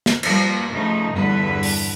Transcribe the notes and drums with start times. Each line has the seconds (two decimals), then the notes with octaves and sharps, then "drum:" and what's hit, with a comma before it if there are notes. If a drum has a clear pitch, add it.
0.06 drum: snare
0.23 F3 G3 A#3, drum: cymbal
0.70 C#3 F3 A3 D#4
1.13 E2 G2 D3 G3 B4
1.63 drum: open hi-hat